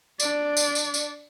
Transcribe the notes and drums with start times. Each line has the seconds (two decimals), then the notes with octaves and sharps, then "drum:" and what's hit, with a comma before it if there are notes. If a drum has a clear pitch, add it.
0.20 D4 D5, drum: tambourine
0.57 drum: tambourine
0.75 drum: tambourine
0.94 drum: tambourine